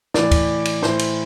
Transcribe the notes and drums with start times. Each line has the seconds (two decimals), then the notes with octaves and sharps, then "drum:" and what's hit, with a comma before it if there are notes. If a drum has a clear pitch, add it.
0.14 A2 E3 D5, drum: snare
0.31 drum: kick, cymbal
0.65 drum: cymbal
0.83 A2 E3 C5, drum: snare
0.99 drum: cymbal